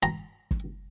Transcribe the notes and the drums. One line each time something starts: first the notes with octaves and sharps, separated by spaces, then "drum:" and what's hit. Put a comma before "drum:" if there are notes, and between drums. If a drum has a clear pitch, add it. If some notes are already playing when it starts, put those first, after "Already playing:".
A#5
drum: kick